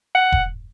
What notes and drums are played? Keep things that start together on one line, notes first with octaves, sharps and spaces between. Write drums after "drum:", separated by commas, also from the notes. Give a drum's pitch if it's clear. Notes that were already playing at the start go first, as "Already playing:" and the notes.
F#5
drum: kick E1